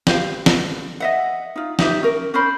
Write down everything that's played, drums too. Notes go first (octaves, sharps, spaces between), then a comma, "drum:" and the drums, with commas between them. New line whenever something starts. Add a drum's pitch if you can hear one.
G4 C5 F5, drum: snare
drum: snare
D#5 E5 F#5
D#4 F4
D#4 G4 E5, drum: snare
C#4 A#4
C#4 A#4 C5 B5